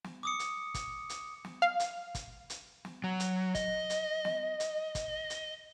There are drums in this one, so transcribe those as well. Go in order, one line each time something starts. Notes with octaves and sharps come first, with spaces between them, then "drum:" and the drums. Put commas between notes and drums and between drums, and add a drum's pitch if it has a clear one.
drum: snare
D6 D#6 C#7
drum: hi-hat
drum: kick, hi-hat
drum: hi-hat
drum: snare
F5
drum: hi-hat
drum: kick, hi-hat
drum: hi-hat
drum: snare
F#3
drum: hi-hat
D#5, drum: kick, hi-hat
drum: hi-hat
drum: snare
drum: hi-hat
drum: kick, hi-hat
drum: hi-hat